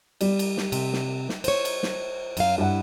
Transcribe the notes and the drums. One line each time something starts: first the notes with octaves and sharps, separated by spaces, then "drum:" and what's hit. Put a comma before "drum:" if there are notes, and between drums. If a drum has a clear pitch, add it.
G3 D5, drum: cymbal
drum: cymbal
drum: snare
C3, drum: cymbal
drum: snare
drum: snare
C5 C#5, drum: cymbal
drum: cymbal
drum: snare
F#2 F5, drum: cymbal
G2 E4 F#5